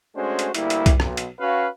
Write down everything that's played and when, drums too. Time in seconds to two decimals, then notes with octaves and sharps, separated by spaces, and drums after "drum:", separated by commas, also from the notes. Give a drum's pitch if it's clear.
0.16 G#3 A3 C#4 D4 F#4 C5
0.39 drum: hi-hat
0.55 D2 G3 A#3 E4, drum: hi-hat
0.70 drum: hi-hat
0.86 drum: kick C2, hi-hat
1.00 B1, drum: rim click
1.17 drum: hi-hat
1.40 C#4 F#4 B4 F5